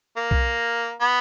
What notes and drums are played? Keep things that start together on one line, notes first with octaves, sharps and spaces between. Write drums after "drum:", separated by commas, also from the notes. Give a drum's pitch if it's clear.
A#3
drum: kick B1
B3